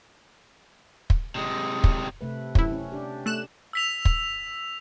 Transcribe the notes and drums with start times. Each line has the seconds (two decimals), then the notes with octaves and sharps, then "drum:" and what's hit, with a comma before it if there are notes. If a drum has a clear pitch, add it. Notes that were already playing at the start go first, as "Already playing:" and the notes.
1.10 drum: kick
1.35 C3 G#3
1.84 drum: kick
2.21 C3 A3 B4
2.55 F#2 E4, drum: kick
2.72 C#4
2.92 D4 G4
3.26 A3 F#6 E7
3.73 E6 B6 F7
4.05 drum: kick